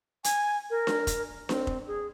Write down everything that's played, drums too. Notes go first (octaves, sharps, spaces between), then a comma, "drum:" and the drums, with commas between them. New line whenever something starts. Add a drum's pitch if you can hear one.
G#5, drum: hi-hat
A#4
drum: snare D4
drum: kick F1, hi-hat
C4, drum: snare D4
drum: kick F1
G#4